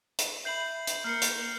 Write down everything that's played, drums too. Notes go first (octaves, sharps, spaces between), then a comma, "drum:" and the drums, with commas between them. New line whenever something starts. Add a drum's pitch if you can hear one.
drum: hi-hat
E5 B5 G6 C7 F#7
drum: hi-hat
A#3 A#4 F6 C7 C#7
drum: hi-hat